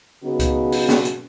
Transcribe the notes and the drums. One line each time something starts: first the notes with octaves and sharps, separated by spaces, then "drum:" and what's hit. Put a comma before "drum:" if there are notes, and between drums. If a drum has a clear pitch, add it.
C#3 F#3 B3 D#4 F#4
drum: kick C#2, hi-hat
drum: open hi-hat
drum: snare
drum: hi-hat